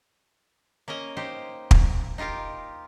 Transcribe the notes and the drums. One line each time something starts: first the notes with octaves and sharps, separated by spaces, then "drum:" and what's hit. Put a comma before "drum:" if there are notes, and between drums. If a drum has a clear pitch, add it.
A#3 C#4 A#4 D#5
D#4 G4 C5
drum: kick
D#4 F4 G4 A#4 F5